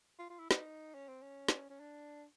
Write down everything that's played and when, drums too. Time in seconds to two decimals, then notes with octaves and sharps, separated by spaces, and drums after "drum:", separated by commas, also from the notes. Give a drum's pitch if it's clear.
0.19 F4
0.30 F4
0.39 E4
0.51 D#4, drum: snare
0.94 C#4
1.08 C4
1.22 C#4
1.48 drum: snare
1.70 C#4
1.80 D4